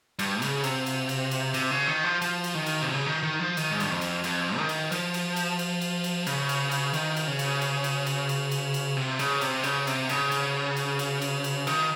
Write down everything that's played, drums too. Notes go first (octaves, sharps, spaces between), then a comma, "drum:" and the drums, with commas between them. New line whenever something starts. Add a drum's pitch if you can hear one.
G2, drum: cymbal
C#3, drum: cymbal
C3, drum: cymbal
drum: cymbal
drum: cymbal
drum: cymbal
C3, drum: cymbal
C#3
D#3
F3
F3, drum: cymbal
drum: cymbal
D#3
drum: cymbal
C3
C#3
D#3
D#3
F3
D#3, drum: cymbal
G#2
G2, drum: cymbal
F2
drum: cymbal
F2, drum: cymbal
D#3
drum: cymbal
F3, drum: cymbal
drum: cymbal
drum: cymbal
drum: cymbal
drum: cymbal
drum: cymbal
C#3, drum: cymbal
drum: cymbal
drum: cymbal
D#3, drum: cymbal
drum: cymbal
C#3
drum: cymbal
drum: cymbal
drum: cymbal
drum: cymbal
drum: cymbal
drum: cymbal
drum: cymbal
C3
C#3, drum: cymbal
C3, drum: cymbal
C#3, drum: cymbal
C3, drum: cymbal
C#3, drum: cymbal
drum: cymbal
drum: cymbal
drum: cymbal
drum: cymbal
drum: cymbal
D#3, drum: cymbal